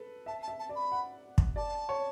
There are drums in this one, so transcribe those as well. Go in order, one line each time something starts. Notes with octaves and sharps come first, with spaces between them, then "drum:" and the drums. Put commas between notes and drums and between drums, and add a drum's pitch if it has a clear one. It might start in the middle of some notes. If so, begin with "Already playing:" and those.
Already playing: A4 B4
E5 A5
A5
E5
A5
D5
B5
F#5
drum: kick
D5 A5
C#5